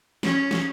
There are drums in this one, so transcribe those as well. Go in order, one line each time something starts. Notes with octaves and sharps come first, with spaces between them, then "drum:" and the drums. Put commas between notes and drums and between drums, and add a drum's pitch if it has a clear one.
C#4, drum: snare
drum: snare